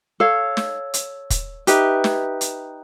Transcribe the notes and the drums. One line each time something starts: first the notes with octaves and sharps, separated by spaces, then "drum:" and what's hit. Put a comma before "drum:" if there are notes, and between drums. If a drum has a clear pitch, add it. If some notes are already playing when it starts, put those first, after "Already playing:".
A4 C#5 F5
drum: snare
drum: hi-hat
drum: kick, hi-hat
D#4 G4 B4 E5, drum: hi-hat
drum: snare
drum: hi-hat